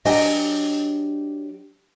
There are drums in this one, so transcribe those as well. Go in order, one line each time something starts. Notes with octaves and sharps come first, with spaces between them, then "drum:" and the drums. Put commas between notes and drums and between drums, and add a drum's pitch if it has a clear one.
F#3 D4 G4 D#5 G5 G#5, drum: open hi-hat